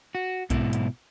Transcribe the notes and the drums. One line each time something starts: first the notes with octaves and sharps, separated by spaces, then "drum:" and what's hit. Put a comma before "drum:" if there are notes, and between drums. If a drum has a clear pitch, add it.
F#4
G#2 B2 E4, drum: kick B1, hi-hat
drum: hi-hat